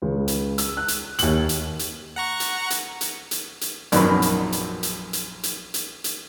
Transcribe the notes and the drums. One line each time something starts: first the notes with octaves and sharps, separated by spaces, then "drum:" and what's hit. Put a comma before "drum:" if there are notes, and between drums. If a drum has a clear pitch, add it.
C#2 C#3
drum: hi-hat
E6, drum: hi-hat
F#6
drum: hi-hat
D#2 F#7, drum: hi-hat
drum: hi-hat
drum: hi-hat
F#5 A#5 C#6
drum: hi-hat
drum: hi-hat
drum: hi-hat
drum: hi-hat
drum: hi-hat
A#1 F#2 D#3 F#3 B3 B5, drum: hi-hat
drum: hi-hat
drum: hi-hat
drum: hi-hat
drum: hi-hat
drum: hi-hat
drum: hi-hat
drum: hi-hat